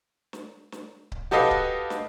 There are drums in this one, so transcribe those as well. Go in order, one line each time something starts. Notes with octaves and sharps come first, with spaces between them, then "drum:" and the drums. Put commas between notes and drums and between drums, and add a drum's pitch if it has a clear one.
drum: snare
drum: snare
drum: kick C#1
F#4 G4 A4 B4 D#5 F5
drum: kick C#1
drum: snare